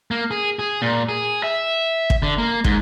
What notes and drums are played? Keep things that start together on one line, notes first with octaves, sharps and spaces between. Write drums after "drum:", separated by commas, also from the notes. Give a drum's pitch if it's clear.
A#3
G#4
G#4
A#2
G#4
E5
drum: kick
D3
A#3
G#2, drum: kick